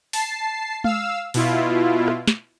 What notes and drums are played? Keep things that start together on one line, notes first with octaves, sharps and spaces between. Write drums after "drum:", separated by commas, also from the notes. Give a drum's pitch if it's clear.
A5 C7, drum: open hi-hat
F5 E6, drum: tom G#3
B2 E4 F4, drum: open hi-hat
drum: rim click
drum: snare